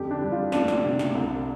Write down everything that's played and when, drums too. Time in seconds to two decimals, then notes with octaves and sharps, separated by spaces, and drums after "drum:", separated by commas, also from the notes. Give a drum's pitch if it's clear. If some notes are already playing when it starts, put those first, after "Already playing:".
Already playing: F2 D3 G4
0.11 D4
0.22 G3
0.32 F4
0.52 F2 D4, drum: snare
0.68 drum: snare
0.84 C3
0.99 drum: snare
1.15 C2